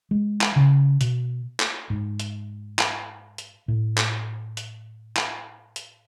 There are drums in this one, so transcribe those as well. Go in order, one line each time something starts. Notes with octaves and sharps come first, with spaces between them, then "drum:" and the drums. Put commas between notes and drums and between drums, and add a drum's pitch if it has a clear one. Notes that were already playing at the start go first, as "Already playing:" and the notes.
G#3
drum: clap
C#3
B2, drum: hi-hat
drum: clap
G#2
drum: hi-hat
drum: clap
drum: hi-hat
A2
drum: clap
drum: hi-hat
drum: clap
drum: hi-hat